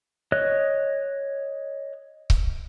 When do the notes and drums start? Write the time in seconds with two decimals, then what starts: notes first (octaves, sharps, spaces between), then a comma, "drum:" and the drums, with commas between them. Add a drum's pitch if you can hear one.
0.32 C#5 D#5 F#6
2.30 drum: kick C#1